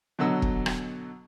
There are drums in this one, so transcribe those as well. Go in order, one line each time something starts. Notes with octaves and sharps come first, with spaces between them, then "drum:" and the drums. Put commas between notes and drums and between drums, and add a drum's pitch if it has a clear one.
B2 D3 F#3 D#5 E6
drum: kick
drum: rim click